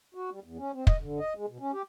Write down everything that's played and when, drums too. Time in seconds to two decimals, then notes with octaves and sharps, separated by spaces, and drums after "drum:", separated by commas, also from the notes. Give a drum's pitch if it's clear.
0.15 F#4
0.30 G3
0.44 E2
0.58 C#4
0.74 C4
0.87 D#5, drum: kick
1.01 D3
1.19 D#5
1.36 G#3
1.49 B2
1.60 C#4
1.73 G4